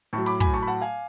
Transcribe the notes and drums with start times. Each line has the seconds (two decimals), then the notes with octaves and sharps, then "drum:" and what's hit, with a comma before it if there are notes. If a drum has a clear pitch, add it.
0.13 A2 F#3 A5 C#6, drum: hi-hat
0.26 B5 D6, drum: open hi-hat
0.40 G#5 B5, drum: kick, hi-hat
0.53 A5 C#6, drum: hi-hat
0.63 B5
0.67 F#5 A5, drum: hi-hat
0.81 F5 G#5